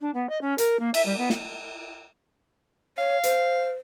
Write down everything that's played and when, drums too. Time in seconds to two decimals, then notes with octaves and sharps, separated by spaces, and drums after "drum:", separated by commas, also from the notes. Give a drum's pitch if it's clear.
0.01 D4
0.14 B3
0.29 D#5
0.41 C#4
0.58 A#4, drum: hi-hat
0.79 A#3
0.94 E5, drum: cymbal
1.05 G3
1.18 B3
1.30 drum: snare
2.98 C#5 F5
3.23 C5, drum: hi-hat